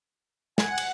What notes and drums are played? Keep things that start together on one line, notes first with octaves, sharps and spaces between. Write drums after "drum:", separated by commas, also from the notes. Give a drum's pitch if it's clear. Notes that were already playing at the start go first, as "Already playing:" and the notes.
F#5 G#5, drum: snare
drum: cymbal